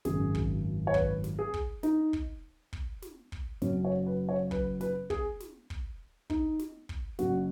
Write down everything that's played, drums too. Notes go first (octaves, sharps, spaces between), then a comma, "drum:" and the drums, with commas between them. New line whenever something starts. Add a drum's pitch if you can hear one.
G#1 F#2 C#3 G#4, drum: snare
drum: kick
C#5
B4, drum: kick
drum: snare
G#4
drum: kick
D#4, drum: snare
drum: kick
drum: kick
drum: snare
drum: kick
F#1 F#2 F#3 C#4, drum: snare
C#5
B4
C#5
B4, drum: kick
B4, drum: snare
G#4, drum: kick
drum: snare
drum: kick
D#4, drum: kick
drum: snare
drum: kick
F#1 F#2 C#3 F#3 F#4, drum: snare